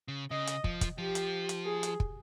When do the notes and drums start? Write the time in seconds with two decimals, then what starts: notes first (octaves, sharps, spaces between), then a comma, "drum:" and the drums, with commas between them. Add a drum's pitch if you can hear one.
0.08 C#3
0.30 C#3 D#5
0.47 drum: hi-hat
0.64 F3, drum: kick
0.81 drum: kick, hi-hat
0.98 F3 G4
1.15 drum: hi-hat
1.49 drum: hi-hat
1.65 G#4
1.83 drum: hi-hat
2.00 drum: kick